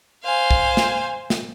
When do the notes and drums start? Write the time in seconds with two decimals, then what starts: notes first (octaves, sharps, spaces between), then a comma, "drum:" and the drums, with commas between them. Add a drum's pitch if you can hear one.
0.24 C5 F5 G#5
0.51 drum: kick
0.77 drum: snare
1.30 drum: snare